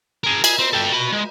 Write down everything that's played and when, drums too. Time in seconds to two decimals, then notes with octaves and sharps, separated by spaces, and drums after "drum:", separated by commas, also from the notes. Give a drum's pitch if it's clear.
0.24 G#4 A#4
0.44 G#4, drum: cymbal
0.59 C4
0.73 A4 G5
0.92 F#4 B5
1.13 G#3